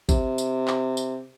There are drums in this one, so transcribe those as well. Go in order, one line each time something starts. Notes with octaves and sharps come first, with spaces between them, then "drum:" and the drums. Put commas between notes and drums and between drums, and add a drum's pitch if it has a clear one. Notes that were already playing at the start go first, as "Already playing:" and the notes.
C3, drum: kick G#1, tambourine
drum: tambourine
drum: clap
drum: tambourine